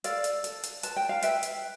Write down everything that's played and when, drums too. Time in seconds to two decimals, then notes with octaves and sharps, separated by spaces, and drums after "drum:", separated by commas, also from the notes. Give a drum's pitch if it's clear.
0.04 A4 D5 F5, drum: hi-hat
0.24 drum: hi-hat
0.44 A4, drum: hi-hat
0.63 drum: hi-hat
0.83 B4 A5, drum: hi-hat
0.96 G5
1.09 F5
1.22 B4 E5 G5, drum: hi-hat
1.43 drum: hi-hat